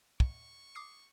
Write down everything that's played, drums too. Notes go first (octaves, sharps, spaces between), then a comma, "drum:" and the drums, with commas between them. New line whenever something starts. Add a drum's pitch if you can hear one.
C#6, drum: kick
D6 D#6 C7